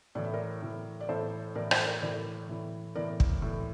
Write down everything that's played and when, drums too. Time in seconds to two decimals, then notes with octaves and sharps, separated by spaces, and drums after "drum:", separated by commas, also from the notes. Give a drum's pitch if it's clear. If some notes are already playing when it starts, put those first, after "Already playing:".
0.15 A2 E3 D5
0.25 E5
0.34 A#4 D5
0.62 A2 E3
1.00 D5
1.09 A2 E3 A4 C5
1.55 A2 E3 A#4 D5
1.71 A4 C5, drum: rim click
1.86 A#4 D5
2.02 A2 E3 A#4 D5
2.49 A2 E3
2.95 A2 E3 A#4 D5
3.20 drum: kick
3.42 A2 E3